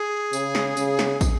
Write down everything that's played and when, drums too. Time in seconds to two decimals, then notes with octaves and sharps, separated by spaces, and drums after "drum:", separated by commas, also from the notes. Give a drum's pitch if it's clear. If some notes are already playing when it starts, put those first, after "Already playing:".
Already playing: G#4
0.33 C#3, drum: tambourine
0.55 drum: snare
0.77 C#3, drum: tambourine
0.99 drum: snare
1.21 drum: kick, tambourine